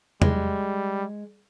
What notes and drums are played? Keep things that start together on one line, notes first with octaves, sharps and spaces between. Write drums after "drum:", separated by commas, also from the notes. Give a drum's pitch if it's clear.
G3 G#3, drum: tom